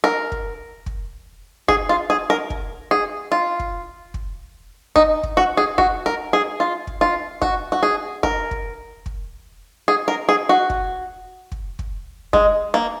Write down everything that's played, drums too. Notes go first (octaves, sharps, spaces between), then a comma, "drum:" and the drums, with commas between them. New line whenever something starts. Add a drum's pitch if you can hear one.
A#4
drum: kick
drum: kick
G#4, drum: kick
F4
G#4
A#4
drum: kick
G#4
F4
drum: kick
drum: kick
D#4, drum: kick
drum: kick
F#4
G#4
F#4, drum: kick
A#4
G#4
F4
drum: kick
F4
F#4, drum: kick
F#4
G#4
A#4, drum: kick
drum: kick
drum: kick
G#4
A#4
G#4
F#4
drum: kick
drum: kick
drum: kick
G#3, drum: kick
A#3